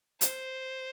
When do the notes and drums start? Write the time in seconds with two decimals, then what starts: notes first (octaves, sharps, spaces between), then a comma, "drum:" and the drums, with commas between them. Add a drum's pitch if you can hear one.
0.21 C5, drum: hi-hat